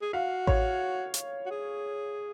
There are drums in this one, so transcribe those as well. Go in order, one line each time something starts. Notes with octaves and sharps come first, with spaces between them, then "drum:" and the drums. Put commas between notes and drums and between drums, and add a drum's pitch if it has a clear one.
G#4
F#4 F5
C#5, drum: kick A1
drum: hi-hat
F#4
G#4